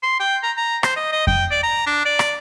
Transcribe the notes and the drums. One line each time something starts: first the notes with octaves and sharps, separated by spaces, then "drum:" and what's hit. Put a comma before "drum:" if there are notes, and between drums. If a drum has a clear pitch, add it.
C6
G5
A#5
A#5
C5, drum: rim click
D#5
D#5
G5, drum: kick F2
D5
A#5
D4
D5
drum: rim click